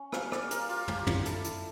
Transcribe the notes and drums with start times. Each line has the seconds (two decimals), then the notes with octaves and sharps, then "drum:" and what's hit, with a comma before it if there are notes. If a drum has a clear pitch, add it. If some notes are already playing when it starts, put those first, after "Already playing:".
Already playing: C#4
0.12 G3 F5, drum: rim click
0.32 D5, drum: rim click
0.51 A#3 A#4, drum: hi-hat
0.69 F4, drum: open hi-hat
0.88 F3 G4, drum: tom
1.07 drum: tom
1.25 E4 A4, drum: hi-hat
1.44 drum: hi-hat